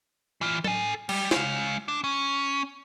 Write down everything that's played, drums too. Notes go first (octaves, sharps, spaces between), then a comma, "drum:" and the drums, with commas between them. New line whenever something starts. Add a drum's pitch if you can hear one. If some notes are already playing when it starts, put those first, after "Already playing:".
E3 F4
A4 G#5, drum: tom F#3
G3, drum: cymbal
G#3 F5, drum: snare
D4
C#4